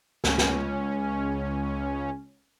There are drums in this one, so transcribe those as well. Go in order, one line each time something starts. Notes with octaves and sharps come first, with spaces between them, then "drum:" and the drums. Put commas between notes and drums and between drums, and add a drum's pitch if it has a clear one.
C#2 C#4, drum: snare
drum: snare